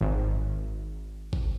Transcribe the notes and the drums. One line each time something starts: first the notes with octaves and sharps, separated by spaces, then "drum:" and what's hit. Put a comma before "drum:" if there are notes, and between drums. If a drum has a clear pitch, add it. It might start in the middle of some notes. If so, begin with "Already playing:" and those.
G#1
drum: kick